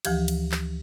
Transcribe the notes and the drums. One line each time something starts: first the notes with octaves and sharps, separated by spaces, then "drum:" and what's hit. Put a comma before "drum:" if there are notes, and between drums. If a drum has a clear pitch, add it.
D2 E3 F3 G4, drum: cymbal
drum: cymbal
drum: clap